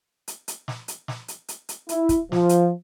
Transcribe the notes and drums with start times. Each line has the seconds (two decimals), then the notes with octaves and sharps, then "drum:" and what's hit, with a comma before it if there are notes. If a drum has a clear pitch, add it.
0.28 drum: hi-hat
0.48 drum: hi-hat
0.68 drum: snare
0.88 drum: hi-hat
1.08 drum: snare
1.28 drum: hi-hat
1.48 drum: hi-hat
1.69 drum: hi-hat
1.89 E4, drum: hi-hat
2.09 drum: kick, hi-hat
2.32 F3, drum: snare
2.49 drum: hi-hat